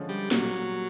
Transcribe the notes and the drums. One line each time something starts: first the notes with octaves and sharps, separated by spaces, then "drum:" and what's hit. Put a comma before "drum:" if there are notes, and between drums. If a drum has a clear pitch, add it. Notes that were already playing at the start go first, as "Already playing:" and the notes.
Already playing: D3 F3 G#3 C#4
G3
A#2 F#3 G3 A#3, drum: snare
drum: hi-hat